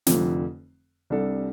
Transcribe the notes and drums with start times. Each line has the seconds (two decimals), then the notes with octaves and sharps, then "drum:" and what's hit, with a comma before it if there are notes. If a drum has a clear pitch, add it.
0.07 F1 F2 D3 F3, drum: snare
1.10 C2 C3 G3 D4 A4